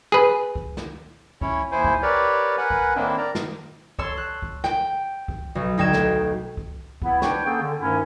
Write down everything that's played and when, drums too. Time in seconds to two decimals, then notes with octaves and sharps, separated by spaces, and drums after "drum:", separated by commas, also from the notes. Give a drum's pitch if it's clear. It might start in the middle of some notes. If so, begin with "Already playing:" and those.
0.12 G#4 B4
0.55 drum: kick C#2
0.77 drum: snare
1.41 C#4 E4 C#5, drum: kick C#2
1.72 D#2 E4 C5 G#5
1.84 drum: kick C#2
2.02 G4 A#4 B4 C#5 D5
2.58 A#4 B4 F#5 G#5
2.70 drum: kick C#2
2.95 A2 D#3 A#3 C4 D4 E4
3.18 A#4 D5 A#5
3.35 drum: snare
3.99 C#5 A5 C6 E6, drum: kick C#2
4.17 F#6
4.42 drum: kick C#2
4.64 G5, drum: snare
5.28 drum: kick C#2
5.55 B1
5.78 D2 D#4 G5 G#6 E7
5.93 drum: snare
6.57 drum: kick C#2
7.02 B3 E4, drum: kick C#2
7.22 D4 B4 C#5 G5, drum: snare
7.44 A#3 B3 C#4 G#4 A4 G5
7.61 D3
7.79 D2 G2 D#3 C#4 D#4 E4